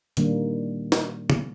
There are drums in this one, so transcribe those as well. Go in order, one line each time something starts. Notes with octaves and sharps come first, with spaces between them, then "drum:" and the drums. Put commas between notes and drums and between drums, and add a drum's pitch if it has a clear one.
A#2 D#3 G3 A#3 D4, drum: hi-hat
drum: snare D#4
drum: tom